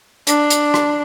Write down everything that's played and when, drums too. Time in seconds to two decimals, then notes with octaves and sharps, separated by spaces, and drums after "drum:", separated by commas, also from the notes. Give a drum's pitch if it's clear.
0.27 D4, drum: hi-hat
0.50 drum: hi-hat
0.74 drum: rim click